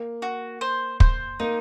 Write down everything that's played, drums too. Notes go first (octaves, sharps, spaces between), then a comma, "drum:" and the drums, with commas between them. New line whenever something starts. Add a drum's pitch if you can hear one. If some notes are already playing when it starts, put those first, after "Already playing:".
Already playing: A#3
F#4
C5
C5, drum: kick
A#3 D#4